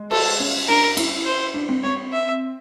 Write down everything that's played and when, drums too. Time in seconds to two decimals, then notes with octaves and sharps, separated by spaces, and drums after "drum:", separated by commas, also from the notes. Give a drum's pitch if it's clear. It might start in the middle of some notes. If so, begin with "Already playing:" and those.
Already playing: G#3
0.11 A4, drum: cymbal
0.40 C#4
0.68 D4 A#4
0.97 E4, drum: cymbal
1.26 C5
1.54 D4
1.69 C4
1.83 C4 C#5
2.12 E5